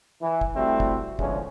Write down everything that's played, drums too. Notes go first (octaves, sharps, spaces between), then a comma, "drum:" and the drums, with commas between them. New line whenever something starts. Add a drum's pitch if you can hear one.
E3
drum: kick
G3 A3 C4 E4 F#4
drum: kick
E2 D3 F3 G#3 C#4, drum: kick